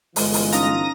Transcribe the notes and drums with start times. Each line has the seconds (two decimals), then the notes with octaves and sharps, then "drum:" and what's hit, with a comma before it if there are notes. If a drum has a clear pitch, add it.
0.16 G1 E3 G#3 F4, drum: open hi-hat
0.34 drum: open hi-hat
0.52 C#4 D#4 F5 A#5 D#6 A#6, drum: hi-hat